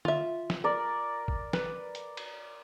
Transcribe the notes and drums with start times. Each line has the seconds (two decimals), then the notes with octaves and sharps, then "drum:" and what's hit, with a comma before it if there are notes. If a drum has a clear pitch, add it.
0.05 F4 E5, drum: tom
0.50 drum: snare
0.64 A#4 D5
1.28 drum: kick
1.53 B4, drum: snare
1.95 drum: hi-hat
2.17 drum: cymbal